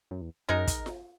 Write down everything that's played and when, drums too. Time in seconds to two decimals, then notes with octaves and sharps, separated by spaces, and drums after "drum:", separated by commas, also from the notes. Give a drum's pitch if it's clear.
0.11 F#2
0.21 E2
0.49 F#2 G#3 D#4 A#4
0.67 drum: kick, hi-hat
0.86 drum: snare F4